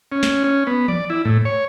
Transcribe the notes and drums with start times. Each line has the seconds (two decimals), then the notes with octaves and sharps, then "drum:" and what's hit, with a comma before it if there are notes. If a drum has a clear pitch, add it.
0.12 C#4
0.23 drum: snare
0.44 C#4
0.67 B3
0.88 D5, drum: tom E3
1.10 E4
1.25 A2
1.45 C#5